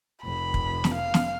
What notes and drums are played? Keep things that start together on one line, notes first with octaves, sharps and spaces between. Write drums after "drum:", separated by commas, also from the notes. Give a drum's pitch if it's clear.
F1 B5
drum: kick
drum: snare
F5
drum: snare